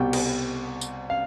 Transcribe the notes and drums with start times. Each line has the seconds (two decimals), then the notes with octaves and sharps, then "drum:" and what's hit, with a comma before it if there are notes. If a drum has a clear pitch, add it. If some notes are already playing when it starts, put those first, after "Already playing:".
Already playing: C2 B2 G3 G5
0.13 drum: cymbal
0.81 drum: tambourine
1.10 F5